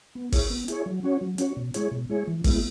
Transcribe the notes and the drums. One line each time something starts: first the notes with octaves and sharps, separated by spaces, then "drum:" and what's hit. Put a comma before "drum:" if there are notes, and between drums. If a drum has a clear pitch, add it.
B3
E4 G#4 C#5, drum: kick, open hi-hat
B3
E4 G#4 C#5, drum: hi-hat
F#3
C#4 F#4 C#5
F#3
C#4 F#4 C#5, drum: hi-hat
B2
G#3 E4 G#4 C#5, drum: hi-hat
B2
G#3 E4 G#4 C#5
E3
G#3 B3 E4, drum: kick, open hi-hat